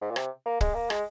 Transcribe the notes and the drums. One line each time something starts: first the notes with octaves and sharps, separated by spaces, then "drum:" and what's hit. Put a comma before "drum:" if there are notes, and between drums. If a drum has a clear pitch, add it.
G#2
A#2
C3, drum: rim click
A#3
G#3, drum: kick
A#3
G#3, drum: rim click